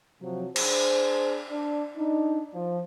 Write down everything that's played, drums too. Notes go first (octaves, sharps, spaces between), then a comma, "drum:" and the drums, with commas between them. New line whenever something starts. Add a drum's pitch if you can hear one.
C3 F3 F#3
D4 G#4 C5, drum: cymbal
D4 D5
D4 D#4
F3